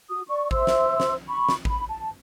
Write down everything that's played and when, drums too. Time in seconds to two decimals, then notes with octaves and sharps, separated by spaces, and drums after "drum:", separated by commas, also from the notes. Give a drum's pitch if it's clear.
0.10 F#4 D#6
0.28 D5 C#6
0.51 C5 E5 C6 E6, drum: kick G#1
0.67 drum: snare
1.00 drum: snare
1.28 B5 C#6
1.49 drum: snare
1.65 B5, drum: kick G#1
1.89 A5